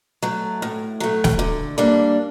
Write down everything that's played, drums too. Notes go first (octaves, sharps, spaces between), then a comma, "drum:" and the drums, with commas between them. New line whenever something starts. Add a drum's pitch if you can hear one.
F#3 A3
A2
F#3 A3
drum: snare
D3
G3 A#3 D4